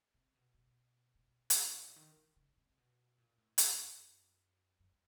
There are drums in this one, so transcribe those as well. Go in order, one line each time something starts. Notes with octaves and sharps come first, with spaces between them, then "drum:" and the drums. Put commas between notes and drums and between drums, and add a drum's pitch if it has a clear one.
C3
B2
B2
B2
G#2, drum: hi-hat
A2
A#2
D#3
E3
C#3
C3
B2
A#2
A2
G2, drum: hi-hat
F#2
F#2